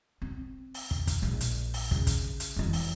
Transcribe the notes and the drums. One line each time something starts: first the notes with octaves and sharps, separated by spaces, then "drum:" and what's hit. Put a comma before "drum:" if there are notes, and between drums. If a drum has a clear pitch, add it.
C4
drum: open hi-hat
drum: kick
drum: kick, hi-hat
A#1 E4
drum: hi-hat
drum: open hi-hat
C#3, drum: kick
drum: kick, hi-hat
drum: hi-hat
F1 E3
drum: open hi-hat